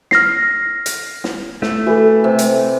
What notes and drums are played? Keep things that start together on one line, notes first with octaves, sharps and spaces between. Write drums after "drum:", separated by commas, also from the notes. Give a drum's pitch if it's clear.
F6 A#6 C7, drum: snare
drum: hi-hat
drum: snare
A3, drum: snare
E3 F#4 A4
C3
drum: hi-hat